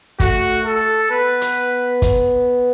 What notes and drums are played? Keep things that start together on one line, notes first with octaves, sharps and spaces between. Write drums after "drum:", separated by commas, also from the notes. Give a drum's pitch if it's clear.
A3 F#4, drum: kick, hi-hat
A4
B3 B4
drum: hi-hat
drum: kick, hi-hat